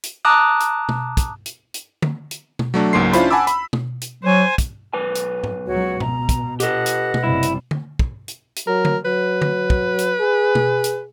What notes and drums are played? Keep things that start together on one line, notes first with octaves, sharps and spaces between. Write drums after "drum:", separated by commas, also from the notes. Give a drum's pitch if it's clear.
drum: hi-hat
A5 A#5 D6 D#6 F#6
drum: hi-hat
drum: tom
drum: kick, hi-hat
drum: hi-hat
drum: hi-hat
drum: tom D3
drum: hi-hat
drum: tom
F#3 A3 D4
C#2 G#2 F#3 A#3 C6 C7
C#4 D4 E4 F4 C5 B5, drum: hi-hat
F#5 G#5 A5 B5 D6 E6
B5, drum: hi-hat
drum: tom
drum: hi-hat
F#3 C5 G#5
drum: kick, hi-hat
B1 B4 G#5
drum: hi-hat
drum: tom G#2
C#2 F#3 F#4 C#5
B2 A#5, drum: tom G#2
drum: kick, hi-hat
G4 A4 B4 D#5 F#5, drum: hi-hat
drum: hi-hat
drum: tom
F#1 C3 G3 E4
drum: hi-hat
drum: tom D3
drum: kick
drum: hi-hat
drum: hi-hat
F#3 A#4
drum: tom D3
F#3 B4
drum: tom D3
drum: kick
drum: hi-hat
G#4
drum: tom
drum: hi-hat